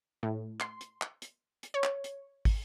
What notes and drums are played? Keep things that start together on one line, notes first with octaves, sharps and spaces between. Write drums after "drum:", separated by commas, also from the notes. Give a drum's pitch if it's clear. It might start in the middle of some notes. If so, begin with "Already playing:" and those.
A2
C6, drum: clap
drum: hi-hat
drum: clap
drum: hi-hat
drum: hi-hat
C#5
drum: clap
drum: hi-hat
drum: kick, open hi-hat